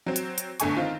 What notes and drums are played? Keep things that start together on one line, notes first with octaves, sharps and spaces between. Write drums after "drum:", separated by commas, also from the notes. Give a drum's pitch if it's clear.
F#3 C4
drum: hi-hat
drum: hi-hat
G1 D3 A3 G#5 C#6, drum: hi-hat
D#3 C4 F4